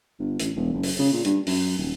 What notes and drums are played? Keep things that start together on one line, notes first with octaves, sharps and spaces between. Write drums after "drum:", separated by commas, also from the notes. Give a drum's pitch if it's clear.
G1
A1, drum: hi-hat
E1
F#1
drum: open hi-hat
C#3
A#2
G2, drum: hi-hat
F#2, drum: open hi-hat
D#1